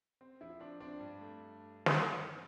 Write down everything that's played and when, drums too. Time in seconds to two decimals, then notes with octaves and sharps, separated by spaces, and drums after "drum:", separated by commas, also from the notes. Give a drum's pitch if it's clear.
0.21 C4
0.41 F3 E4
0.60 C4 D4
0.80 C4 D4
1.00 G2
1.20 A3
1.86 drum: snare